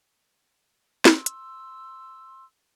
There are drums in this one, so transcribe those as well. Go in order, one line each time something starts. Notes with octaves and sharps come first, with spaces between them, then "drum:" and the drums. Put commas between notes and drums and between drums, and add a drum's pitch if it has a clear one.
C6 E6, drum: snare
drum: hi-hat